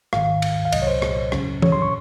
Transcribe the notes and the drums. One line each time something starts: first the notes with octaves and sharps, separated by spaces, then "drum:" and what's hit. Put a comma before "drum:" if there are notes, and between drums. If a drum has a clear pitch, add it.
G#1 G#2 D#3 F5, drum: rim click
drum: cymbal
F5
C2 C3 F#3 D#5, drum: cymbal
C#5
C5
drum: rim click
C#2 C#3 F#3 C#4, drum: rim click
C#5, drum: tom E3
C6
C#6